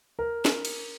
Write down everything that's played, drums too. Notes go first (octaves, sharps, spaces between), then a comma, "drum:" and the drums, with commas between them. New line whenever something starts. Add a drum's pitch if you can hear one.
A#4
drum: snare
drum: cymbal